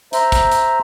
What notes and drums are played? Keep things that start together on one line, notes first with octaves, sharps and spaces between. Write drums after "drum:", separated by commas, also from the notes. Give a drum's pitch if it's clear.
C5 E5 A#5, drum: hi-hat
drum: kick, hi-hat
drum: hi-hat